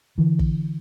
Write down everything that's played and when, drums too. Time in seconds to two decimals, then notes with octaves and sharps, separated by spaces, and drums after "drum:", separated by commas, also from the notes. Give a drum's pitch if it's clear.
0.18 D3 E3
0.39 drum: kick